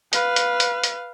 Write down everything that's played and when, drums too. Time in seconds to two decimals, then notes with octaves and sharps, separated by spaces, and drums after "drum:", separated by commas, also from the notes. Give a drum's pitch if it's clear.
0.13 B4 F5, drum: hi-hat
0.36 drum: hi-hat
0.60 drum: hi-hat
0.84 drum: hi-hat